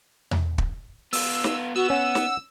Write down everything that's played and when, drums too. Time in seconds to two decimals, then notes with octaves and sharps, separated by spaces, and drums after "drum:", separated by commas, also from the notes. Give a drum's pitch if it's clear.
0.31 drum: tom E2
0.58 drum: kick
1.13 B3 F4 E6, drum: open hi-hat
1.44 drum: snare
1.76 B3 F#4 E6
1.90 C#4 F#5
2.15 drum: snare